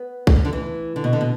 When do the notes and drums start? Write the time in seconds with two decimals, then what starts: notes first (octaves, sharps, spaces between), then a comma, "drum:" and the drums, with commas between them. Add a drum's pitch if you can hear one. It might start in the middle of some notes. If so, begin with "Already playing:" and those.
Already playing: B3
0.27 A3, drum: kick
0.36 G3
0.45 D3
0.53 E3
0.96 D3
1.04 B2
1.13 D3
1.21 B2